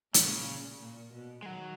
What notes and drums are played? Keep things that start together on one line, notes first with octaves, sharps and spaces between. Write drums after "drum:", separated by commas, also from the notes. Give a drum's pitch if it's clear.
A#2 C#3, drum: hi-hat
A#2
B2
G#3
D#3 F#3